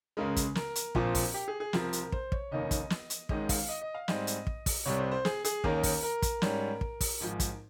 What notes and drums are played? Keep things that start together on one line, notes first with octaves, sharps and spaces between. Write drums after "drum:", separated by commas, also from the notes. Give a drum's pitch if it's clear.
C#2 C#3 G#3 A#4
drum: kick, hi-hat
A#4, drum: snare
drum: hi-hat
A#1 A#2 F3 C4, drum: kick
drum: kick, open hi-hat
G4
G#4
G#4
C2 C3 F3 C4 A#4, drum: snare
drum: hi-hat
C5, drum: kick
C#5, drum: kick
F1 D#2 D#3 A#3 C#4 D#5
drum: kick, hi-hat
drum: snare
drum: hi-hat
G#1 G#2 D#3 G#3 C#4 D#5, drum: kick
F5, drum: kick, open hi-hat
D#5
D#5
F5
G#2 G3 C4 D#5, drum: snare
drum: hi-hat
drum: kick
drum: kick, open hi-hat
C2 C3 G3 C#5
C5
C5
G#4, drum: snare
G#4, drum: hi-hat
D#2 D#3 A#3 C#4 A#4, drum: kick
drum: kick, open hi-hat
A#4
drum: kick, hi-hat
G#2 G3 C#4, drum: snare
drum: kick
drum: kick, open hi-hat
G#1 G#2 F3
drum: kick, hi-hat